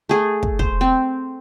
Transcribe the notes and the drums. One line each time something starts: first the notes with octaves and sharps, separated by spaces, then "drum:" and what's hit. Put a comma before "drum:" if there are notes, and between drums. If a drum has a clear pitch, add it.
A3 G#4
drum: kick
C5, drum: kick
C4